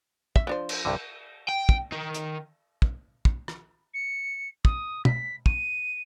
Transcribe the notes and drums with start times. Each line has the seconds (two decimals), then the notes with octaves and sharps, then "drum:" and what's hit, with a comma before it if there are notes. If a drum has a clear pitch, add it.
0.36 E5, drum: kick
0.47 F3 D4 C5
0.69 drum: cymbal
0.85 C2 G2 D3
1.48 G5
1.69 drum: kick
1.92 D#3
2.14 drum: hi-hat
2.82 drum: kick
3.25 drum: kick
3.48 drum: rim click
3.94 C#7
4.65 D#6, drum: kick
5.05 B6, drum: tom
5.46 D#7, drum: kick